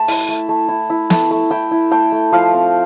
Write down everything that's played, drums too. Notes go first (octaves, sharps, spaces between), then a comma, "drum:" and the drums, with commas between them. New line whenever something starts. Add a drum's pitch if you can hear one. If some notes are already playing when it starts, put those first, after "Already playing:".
Already playing: A3 A5 B5
E4, drum: open hi-hat
A3
A3
E4
E4
A3, drum: snare
A3
E4 G5
E4
A3 G5
A3
F3 F5
C4